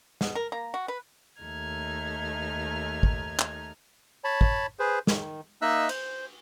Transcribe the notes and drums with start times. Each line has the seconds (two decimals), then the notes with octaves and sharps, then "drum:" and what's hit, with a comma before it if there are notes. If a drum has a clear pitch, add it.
0.21 B2, drum: snare
0.35 A#4
0.52 A#3 A#5
0.74 F#4
0.88 B4
1.42 D#2 A3 D#4 F6 G#6
3.03 drum: kick
3.39 drum: clap
4.24 C#5 A5 B5
4.41 drum: kick
4.79 G#4 B4 C5
5.07 D#3, drum: snare
5.62 A#3 D#4 D#5 E5 E6 F#6
5.89 C5, drum: cymbal